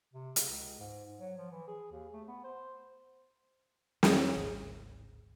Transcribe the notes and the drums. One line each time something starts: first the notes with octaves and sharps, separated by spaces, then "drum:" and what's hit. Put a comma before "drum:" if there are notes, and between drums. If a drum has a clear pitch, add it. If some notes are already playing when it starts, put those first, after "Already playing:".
C3
C#3, drum: hi-hat
C#2
G#2
F#3
F3
E3
G#4
D#2
A3
B3
C5
F2, drum: snare
D1 G#1 C#2 A2